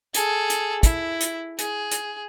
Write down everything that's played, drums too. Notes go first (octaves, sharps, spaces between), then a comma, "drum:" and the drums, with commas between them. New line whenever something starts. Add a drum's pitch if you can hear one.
G#4 A4, drum: hi-hat
drum: hi-hat
E4, drum: kick, hi-hat
drum: hi-hat
G#4, drum: hi-hat
drum: hi-hat